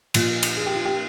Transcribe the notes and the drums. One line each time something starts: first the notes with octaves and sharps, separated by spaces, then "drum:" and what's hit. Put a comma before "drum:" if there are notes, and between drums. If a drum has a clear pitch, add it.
A#2 F3 F4, drum: cymbal
drum: cymbal
G#4
G4
F4
G4